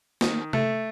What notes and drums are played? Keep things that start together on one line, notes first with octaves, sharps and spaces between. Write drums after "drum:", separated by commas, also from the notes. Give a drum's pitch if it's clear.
D#3, drum: snare A#3
A3, drum: tom C3